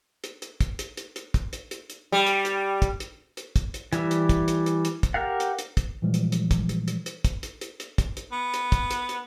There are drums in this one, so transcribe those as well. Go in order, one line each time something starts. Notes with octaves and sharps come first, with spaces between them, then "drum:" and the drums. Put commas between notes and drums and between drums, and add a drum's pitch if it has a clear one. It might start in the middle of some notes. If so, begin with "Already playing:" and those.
drum: hi-hat
drum: hi-hat
drum: kick, hi-hat
drum: hi-hat
drum: hi-hat
drum: hi-hat
drum: kick, hi-hat
drum: hi-hat
drum: hi-hat
drum: hi-hat
G3
drum: hi-hat
drum: hi-hat
drum: kick, hi-hat
drum: hi-hat
drum: hi-hat
drum: kick, hi-hat
drum: hi-hat
E3 G3 E5, drum: hi-hat
drum: hi-hat
drum: kick, hi-hat
drum: hi-hat
drum: hi-hat
drum: hi-hat
drum: kick, hi-hat
G4 A#4 F5 F#5
drum: hi-hat
drum: hi-hat
drum: kick, hi-hat
A#2 E3 F3 G3 G#3
drum: hi-hat
drum: hi-hat
drum: kick, hi-hat
drum: hi-hat
drum: hi-hat
drum: hi-hat
drum: kick, hi-hat
drum: hi-hat
drum: hi-hat
drum: hi-hat
drum: kick, hi-hat
drum: hi-hat
B3
drum: hi-hat
drum: kick, hi-hat
drum: hi-hat
drum: hi-hat